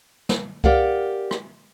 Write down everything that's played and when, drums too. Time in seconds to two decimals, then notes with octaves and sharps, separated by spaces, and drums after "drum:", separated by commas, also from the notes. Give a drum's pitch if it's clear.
0.29 drum: snare
0.64 G4 A#4 D5 F5 F#5, drum: kick C2
1.31 drum: rim click